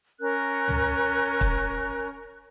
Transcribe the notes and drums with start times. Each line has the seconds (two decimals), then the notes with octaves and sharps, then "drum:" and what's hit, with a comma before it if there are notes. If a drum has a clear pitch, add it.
0.21 C#4 A#4 F#6
0.68 drum: tom
1.41 drum: kick